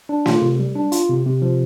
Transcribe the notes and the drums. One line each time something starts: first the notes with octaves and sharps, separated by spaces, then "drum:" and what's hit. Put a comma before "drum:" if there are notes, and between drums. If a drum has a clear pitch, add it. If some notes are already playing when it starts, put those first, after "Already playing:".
D4
F4, drum: snare
C3
G3
D4
F4, drum: hi-hat
C3
C3
F3